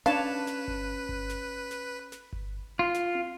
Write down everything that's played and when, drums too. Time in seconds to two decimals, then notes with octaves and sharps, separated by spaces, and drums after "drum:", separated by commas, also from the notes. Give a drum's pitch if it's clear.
0.06 C#4 D4 B4 C#5 F5 A5, drum: snare
0.47 drum: snare
0.68 drum: kick G1
1.09 drum: kick G1
1.30 drum: snare
1.71 drum: snare
2.12 drum: snare
2.33 drum: kick G1
2.79 F4
2.94 drum: snare
3.15 drum: tom